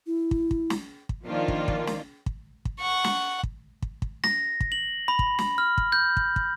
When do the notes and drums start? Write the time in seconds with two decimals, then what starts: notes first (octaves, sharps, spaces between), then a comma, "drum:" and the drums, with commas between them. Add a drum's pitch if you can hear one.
0.07 E4
0.31 drum: kick
0.51 drum: kick
0.70 drum: snare
1.09 drum: kick
1.25 D#3 F3 A#3 D4 F4
1.48 drum: kick
1.68 drum: kick
1.87 drum: snare
2.26 drum: kick
2.65 drum: kick
2.80 F#5 C#6
3.04 drum: snare
3.43 drum: kick
3.82 drum: kick
4.02 drum: kick
4.24 A#6, drum: snare
4.60 drum: kick
4.72 F#7
5.08 B5
5.19 drum: kick
5.39 drum: snare
5.58 F6
5.78 drum: kick
5.92 G6
6.17 drum: kick
6.36 drum: kick